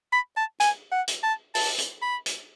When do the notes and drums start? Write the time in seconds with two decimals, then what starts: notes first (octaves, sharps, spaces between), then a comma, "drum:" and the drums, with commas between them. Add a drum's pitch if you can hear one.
0.13 B5
0.37 A5
0.60 G#5, drum: hi-hat
0.92 F#5
1.08 drum: hi-hat
1.23 A5
1.55 A5, drum: open hi-hat
1.79 drum: hi-hat
2.02 B5
2.26 drum: hi-hat